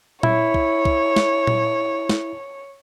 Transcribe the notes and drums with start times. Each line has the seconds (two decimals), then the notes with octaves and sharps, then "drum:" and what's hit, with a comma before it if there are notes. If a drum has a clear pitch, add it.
0.23 E4 C#5, drum: tom A#2
0.54 drum: kick
0.85 drum: kick
1.16 drum: snare
1.47 drum: tom A#2
2.09 drum: snare